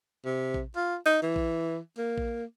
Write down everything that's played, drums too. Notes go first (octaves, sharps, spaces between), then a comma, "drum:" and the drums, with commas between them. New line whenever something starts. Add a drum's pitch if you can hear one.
C3
drum: kick A#1
F4
D#4
E3
drum: kick A#1
A#3
drum: kick A#1